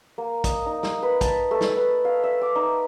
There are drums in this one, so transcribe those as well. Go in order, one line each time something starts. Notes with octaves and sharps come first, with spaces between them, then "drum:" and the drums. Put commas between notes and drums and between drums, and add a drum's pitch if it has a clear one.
A#3
D#5, drum: kick, hi-hat
D#4
drum: snare
B4
A5, drum: kick, hi-hat
A3
drum: snare
B4
F5
E5
D6
D#4